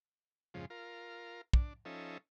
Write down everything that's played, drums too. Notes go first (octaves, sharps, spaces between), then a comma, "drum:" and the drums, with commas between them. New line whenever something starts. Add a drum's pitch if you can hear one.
F2 G#2 C#3 F3
F4 A#4
D4, drum: kick
F3 C#4 D#4 A4 E5